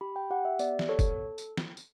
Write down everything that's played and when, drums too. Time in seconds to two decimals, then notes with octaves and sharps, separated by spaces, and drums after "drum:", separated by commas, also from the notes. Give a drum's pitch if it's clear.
0.01 G4 B5
0.16 G5
0.30 G4 F#5
0.45 E5
0.59 B3 D5, drum: tambourine
0.79 drum: snare
0.89 A4 C#5
0.99 drum: kick, tambourine
1.38 drum: tambourine
1.57 drum: snare
1.77 drum: tambourine